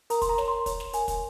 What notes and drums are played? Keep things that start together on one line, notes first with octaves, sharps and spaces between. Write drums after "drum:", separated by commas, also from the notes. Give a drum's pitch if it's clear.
A#4 A#5, drum: hi-hat
C6, drum: kick, hi-hat
A#5
C#5, drum: snare
C6
C#5, drum: kick, hi-hat
drum: snare
A#4 G#5, drum: hi-hat
drum: kick, hi-hat